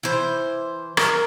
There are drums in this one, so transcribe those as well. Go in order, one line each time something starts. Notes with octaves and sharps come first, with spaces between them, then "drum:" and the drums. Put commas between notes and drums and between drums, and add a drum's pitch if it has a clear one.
E3 C5
A#4, drum: rim click